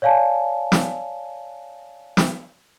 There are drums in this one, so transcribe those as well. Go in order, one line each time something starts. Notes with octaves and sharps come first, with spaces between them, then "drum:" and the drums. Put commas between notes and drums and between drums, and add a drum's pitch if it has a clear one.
C#5 D5 F5 G#5 A5
drum: snare
drum: snare